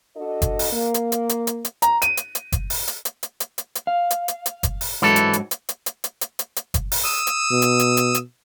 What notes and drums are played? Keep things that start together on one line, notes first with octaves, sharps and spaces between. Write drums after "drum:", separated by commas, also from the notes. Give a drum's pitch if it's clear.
D4 F#4 A4 D#5
drum: kick F#1, hi-hat
drum: open hi-hat
A#3
drum: hi-hat
drum: hi-hat
drum: hi-hat
drum: hi-hat
drum: hi-hat
A#5, drum: hi-hat
D#7, drum: hi-hat
drum: hi-hat
drum: hi-hat
drum: kick F#1, hi-hat
drum: open hi-hat
drum: hi-hat
drum: hi-hat
drum: hi-hat
drum: hi-hat
drum: hi-hat
drum: hi-hat
F5
drum: hi-hat
drum: hi-hat
drum: hi-hat
drum: kick F#1, hi-hat
drum: open hi-hat
G#2 E3 F#3 A4
drum: hi-hat
drum: hi-hat
drum: hi-hat
drum: hi-hat
drum: hi-hat
drum: hi-hat
drum: hi-hat
drum: hi-hat
drum: hi-hat
drum: kick F#1, hi-hat
drum: open hi-hat
D#6 E6
drum: hi-hat
B2
drum: hi-hat
drum: hi-hat
drum: hi-hat
drum: hi-hat